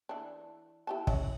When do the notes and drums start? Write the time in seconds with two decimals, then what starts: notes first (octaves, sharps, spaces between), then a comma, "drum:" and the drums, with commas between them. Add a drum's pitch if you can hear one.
0.09 E3 D4
0.87 E4 G4 A5
1.07 C#4 E5, drum: kick